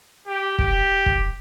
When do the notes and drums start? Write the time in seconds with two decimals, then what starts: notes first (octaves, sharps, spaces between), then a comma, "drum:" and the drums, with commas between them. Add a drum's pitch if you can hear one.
0.27 G4
0.59 G4, drum: kick
1.06 drum: kick